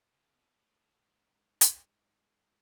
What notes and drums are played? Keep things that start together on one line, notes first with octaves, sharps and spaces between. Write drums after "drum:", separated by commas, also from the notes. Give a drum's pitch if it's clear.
C#3
B2
A2
A2
G#2
drum: hi-hat